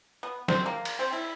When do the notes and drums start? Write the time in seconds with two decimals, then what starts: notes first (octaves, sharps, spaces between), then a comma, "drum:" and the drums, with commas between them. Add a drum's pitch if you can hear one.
0.23 B3
0.48 C4, drum: snare
0.66 A#3
0.85 drum: cymbal
0.99 C4
1.12 E4